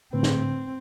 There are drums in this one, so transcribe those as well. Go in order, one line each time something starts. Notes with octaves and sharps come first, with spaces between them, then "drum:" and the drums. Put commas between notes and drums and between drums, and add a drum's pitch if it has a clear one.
A2 D3 C4 B4
drum: snare